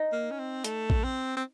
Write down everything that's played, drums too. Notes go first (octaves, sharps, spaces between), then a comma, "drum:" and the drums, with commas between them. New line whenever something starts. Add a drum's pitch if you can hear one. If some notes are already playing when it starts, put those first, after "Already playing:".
Already playing: D#4
A#3
C#4
C4
A3, drum: hi-hat
drum: kick A#1
C4
C4